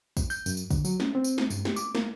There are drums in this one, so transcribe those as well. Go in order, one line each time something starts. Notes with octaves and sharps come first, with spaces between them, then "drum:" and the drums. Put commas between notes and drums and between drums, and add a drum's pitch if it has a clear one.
drum: kick, tambourine
G6, drum: tambourine
F#2, drum: tambourine
drum: tambourine
D3, drum: kick, tambourine
F#3, drum: tambourine
C#4, drum: snare
C4
drum: tambourine
drum: snare
G2, drum: tambourine
G4, drum: snare
D6, drum: tambourine
A#3, drum: snare